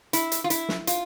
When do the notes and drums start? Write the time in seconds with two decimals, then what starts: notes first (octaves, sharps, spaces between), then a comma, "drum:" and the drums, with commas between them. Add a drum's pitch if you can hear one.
0.13 E4, drum: hi-hat
0.32 drum: hi-hat
0.44 F4
0.50 E4, drum: hi-hat
0.69 drum: snare
0.87 F4, drum: hi-hat